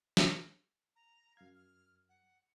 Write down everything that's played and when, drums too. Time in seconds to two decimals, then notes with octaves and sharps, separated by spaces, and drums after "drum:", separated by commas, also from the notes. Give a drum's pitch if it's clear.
0.17 drum: snare
0.96 A#5
1.37 F#2 F5 G#6
1.55 F6
2.09 F#5